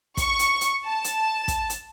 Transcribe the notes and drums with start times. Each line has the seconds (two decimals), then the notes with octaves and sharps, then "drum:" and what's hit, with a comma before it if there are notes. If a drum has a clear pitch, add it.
0.17 C#6, drum: kick, hi-hat
0.39 drum: hi-hat
0.61 drum: hi-hat
0.85 A5
1.04 drum: hi-hat
1.48 drum: kick, hi-hat
1.70 drum: hi-hat